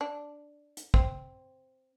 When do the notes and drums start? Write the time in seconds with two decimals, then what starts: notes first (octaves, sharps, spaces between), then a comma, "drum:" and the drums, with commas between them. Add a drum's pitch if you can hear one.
0.01 D4
0.77 drum: hi-hat
0.94 C4, drum: kick